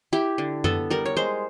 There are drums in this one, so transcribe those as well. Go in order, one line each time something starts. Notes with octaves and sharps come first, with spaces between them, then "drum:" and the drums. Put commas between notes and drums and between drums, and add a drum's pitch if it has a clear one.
E4 G4
D3
B3 A4, drum: tom F#2
G3 A#4
C#5
G#3 C5